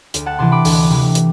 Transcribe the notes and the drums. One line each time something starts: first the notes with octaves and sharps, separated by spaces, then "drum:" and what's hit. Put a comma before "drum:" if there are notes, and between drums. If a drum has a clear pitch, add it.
D2, drum: hi-hat
F#5 A5
C3 E3 A5 C6
B5 D6
D2, drum: open hi-hat
C3 E3
drum: hi-hat